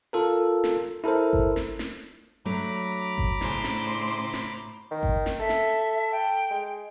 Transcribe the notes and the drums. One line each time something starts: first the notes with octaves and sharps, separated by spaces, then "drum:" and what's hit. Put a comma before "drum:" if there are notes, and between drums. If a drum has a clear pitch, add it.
F4 A4 A#4
drum: snare
E4 A4 A#4 C5
drum: kick G#1
drum: snare
drum: snare
F#3 A3 D4 A#5 B5 D6
drum: kick G#1
A2 C#3 D4 C5, drum: snare
drum: snare
drum: snare
D#3
drum: kick G#1
drum: snare
A4 E5
drum: snare
G5
G#3